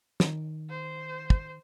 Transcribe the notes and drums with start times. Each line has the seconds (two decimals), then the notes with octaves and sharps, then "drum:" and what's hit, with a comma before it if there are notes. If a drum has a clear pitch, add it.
0.20 D#3, drum: snare
0.69 C5
1.30 drum: kick